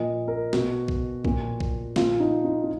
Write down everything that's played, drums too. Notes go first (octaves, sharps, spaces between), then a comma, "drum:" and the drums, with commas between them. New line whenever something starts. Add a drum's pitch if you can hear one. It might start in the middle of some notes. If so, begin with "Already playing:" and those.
Already playing: A#2 F3 D#5
A#4
B2 F#4, drum: snare
drum: kick
A#2 F3, drum: kick
drum: kick
A#2 F3 F4, drum: snare
D#4
D#4
D#4